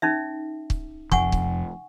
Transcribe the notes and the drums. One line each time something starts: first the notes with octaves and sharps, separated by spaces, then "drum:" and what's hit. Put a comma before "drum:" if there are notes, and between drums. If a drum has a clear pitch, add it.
C#4 D#4 E5
drum: kick
F1 F2 F3 F#5 G#5 C#6, drum: kick
drum: kick